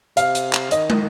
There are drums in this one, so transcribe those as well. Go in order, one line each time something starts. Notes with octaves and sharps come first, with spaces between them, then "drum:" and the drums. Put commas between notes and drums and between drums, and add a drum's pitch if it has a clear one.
C3 F5, drum: hi-hat
drum: hi-hat
drum: clap
D#3 D#5, drum: hi-hat
drum: tom